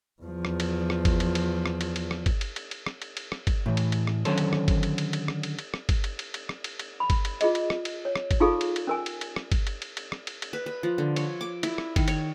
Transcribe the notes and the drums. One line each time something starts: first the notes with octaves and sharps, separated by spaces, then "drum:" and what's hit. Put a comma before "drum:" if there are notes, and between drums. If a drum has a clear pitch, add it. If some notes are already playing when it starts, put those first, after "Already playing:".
E2 F3
drum: rim click
drum: cymbal
drum: rim click
drum: kick, cymbal
drum: cymbal
drum: cymbal
drum: rim click
drum: cymbal
drum: cymbal
drum: rim click
drum: kick, cymbal
drum: cymbal
drum: cymbal
drum: cymbal
drum: rim click
drum: cymbal
drum: cymbal
drum: rim click
drum: kick, cymbal
A2 E3
drum: cymbal
drum: cymbal
drum: rim click
D3 D#3 F#3 C#4 A4 C5, drum: cymbal
drum: cymbal
drum: rim click
drum: kick, cymbal
drum: cymbal
drum: cymbal
drum: cymbal
drum: rim click
drum: cymbal
drum: cymbal
drum: rim click
drum: kick, cymbal
drum: cymbal
drum: cymbal
drum: cymbal
drum: rim click
drum: cymbal
drum: cymbal
B5
drum: kick, cymbal
drum: cymbal
F4 G#4 D#5, drum: cymbal
drum: cymbal
drum: rim click
drum: cymbal
C#5
drum: rim click
drum: kick, cymbal
D#4 F4 G#4 A4 F5 C#6
drum: cymbal
drum: cymbal
C#4 A#4 G#5
drum: cymbal
drum: cymbal
drum: rim click
drum: kick, cymbal
drum: cymbal
drum: cymbal
drum: cymbal
drum: rim click
drum: cymbal
drum: cymbal
B4
B4
F3
D3
C#5, drum: cymbal
D6
E4, drum: cymbal
drum: rim click
D#3, drum: kick, cymbal
C#5, drum: cymbal